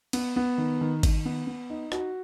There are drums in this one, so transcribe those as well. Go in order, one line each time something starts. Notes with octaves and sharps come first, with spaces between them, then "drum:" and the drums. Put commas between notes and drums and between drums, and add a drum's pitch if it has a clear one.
B3, drum: cymbal
B3
D#3
D#3
D#3, drum: kick G#1, cymbal
B3
B3
D#4
F#4, drum: rim click